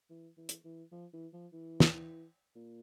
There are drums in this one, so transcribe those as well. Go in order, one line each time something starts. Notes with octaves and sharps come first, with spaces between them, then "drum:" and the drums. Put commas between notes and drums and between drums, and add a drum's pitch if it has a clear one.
E3
E3
drum: hi-hat
E3
F3
E3
F3
E3
drum: snare
A#2